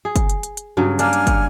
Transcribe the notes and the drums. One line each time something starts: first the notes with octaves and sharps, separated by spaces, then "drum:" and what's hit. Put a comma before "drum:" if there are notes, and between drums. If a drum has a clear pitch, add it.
G#4
drum: kick, hi-hat
drum: hi-hat
drum: hi-hat
drum: hi-hat
G2 C#3 F#3
A#3 D4 G#5 F6, drum: hi-hat
drum: hi-hat
drum: kick, hi-hat